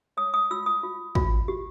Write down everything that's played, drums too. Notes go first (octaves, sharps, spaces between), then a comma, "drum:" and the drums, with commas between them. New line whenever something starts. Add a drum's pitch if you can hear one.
C#5 D#6
D#6
F4 E6
D#6
F4
F4, drum: kick
G4